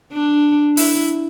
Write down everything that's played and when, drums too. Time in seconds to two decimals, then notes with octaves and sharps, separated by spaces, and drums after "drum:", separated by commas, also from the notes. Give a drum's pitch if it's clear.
0.12 D4
0.77 E4, drum: open hi-hat